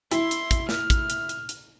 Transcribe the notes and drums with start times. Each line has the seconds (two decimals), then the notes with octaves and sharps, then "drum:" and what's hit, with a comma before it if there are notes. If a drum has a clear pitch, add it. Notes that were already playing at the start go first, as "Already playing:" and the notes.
0.11 E4 C6, drum: hi-hat
0.31 drum: hi-hat
0.51 drum: kick, hi-hat
0.69 F6, drum: snare
0.90 drum: kick, hi-hat
1.10 drum: hi-hat
1.29 drum: hi-hat
1.49 drum: hi-hat